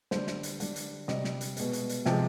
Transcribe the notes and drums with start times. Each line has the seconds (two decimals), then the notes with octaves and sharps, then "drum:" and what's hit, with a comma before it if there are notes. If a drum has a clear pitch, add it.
0.11 D3 G3 C5, drum: snare
0.27 drum: snare
0.43 drum: hi-hat
0.60 D3 G3 D5, drum: hi-hat
0.76 drum: hi-hat
1.08 C3 G3 D#5, drum: snare
1.24 drum: snare
1.41 drum: hi-hat
1.57 B2 G#3, drum: hi-hat
1.73 drum: hi-hat
1.89 drum: hi-hat
2.05 C3 F3 G#3 G5, drum: snare